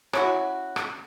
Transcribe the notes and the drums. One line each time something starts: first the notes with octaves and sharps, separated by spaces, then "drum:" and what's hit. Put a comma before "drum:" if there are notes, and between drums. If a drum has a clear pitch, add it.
C#4 E4 F#4, drum: rim click
drum: rim click